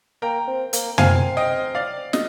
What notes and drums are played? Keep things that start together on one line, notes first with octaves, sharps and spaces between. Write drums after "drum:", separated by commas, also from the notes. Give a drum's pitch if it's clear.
A#3 G5 A#5
C4
A#3, drum: hi-hat
C4 F5 G#5, drum: tom
D#5 G5
D5 F5
D#5, drum: snare